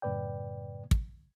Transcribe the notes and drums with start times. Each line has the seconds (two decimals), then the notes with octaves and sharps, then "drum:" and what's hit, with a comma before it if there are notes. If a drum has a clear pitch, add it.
0.02 F#2 A2 C#3 B4 D5 G5
0.91 drum: kick